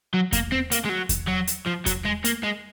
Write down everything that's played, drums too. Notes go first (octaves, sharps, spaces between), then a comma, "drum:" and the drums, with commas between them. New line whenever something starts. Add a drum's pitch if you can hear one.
F#3
A#3, drum: kick E2, hi-hat
C4
A#3, drum: hi-hat
G#3
F#3
drum: kick E2, hi-hat
F#3
drum: hi-hat
F3
F#3, drum: kick E2, hi-hat
G#3
A#3, drum: hi-hat
G#3